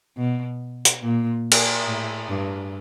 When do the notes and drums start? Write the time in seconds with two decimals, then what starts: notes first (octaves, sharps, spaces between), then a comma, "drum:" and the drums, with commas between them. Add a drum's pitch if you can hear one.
0.17 B2
0.85 drum: hi-hat
1.02 A#2
1.52 drum: cymbal
1.88 A2
2.29 G2